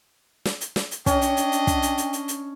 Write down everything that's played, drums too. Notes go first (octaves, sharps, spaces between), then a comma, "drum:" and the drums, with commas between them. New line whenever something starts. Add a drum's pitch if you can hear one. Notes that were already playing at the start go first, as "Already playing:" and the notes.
drum: snare
drum: hi-hat
drum: snare
drum: hi-hat
C#4 D4 D#5 G5, drum: kick, hi-hat
drum: hi-hat
drum: hi-hat
drum: hi-hat
drum: kick, hi-hat
drum: hi-hat
drum: hi-hat
drum: hi-hat
drum: hi-hat